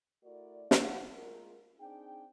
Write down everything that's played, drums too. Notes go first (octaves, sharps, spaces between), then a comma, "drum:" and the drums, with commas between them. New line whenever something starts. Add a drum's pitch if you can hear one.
A3 E4 F#4 A#4 D5
C#5 F5 F#5, drum: snare
G#3 F4 G#4 A#4
C4 D4 D#4 G#4 G5